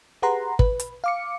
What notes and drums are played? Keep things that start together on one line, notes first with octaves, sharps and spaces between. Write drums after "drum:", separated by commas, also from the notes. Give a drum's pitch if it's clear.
G4 G#4 B4 F#5 A#5 C6
B4, drum: kick
drum: hi-hat
F5 D6 C#7